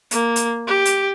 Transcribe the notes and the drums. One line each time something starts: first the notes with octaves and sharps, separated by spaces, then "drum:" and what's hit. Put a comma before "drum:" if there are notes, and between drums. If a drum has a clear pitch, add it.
A#3, drum: hi-hat
drum: hi-hat
G4
drum: hi-hat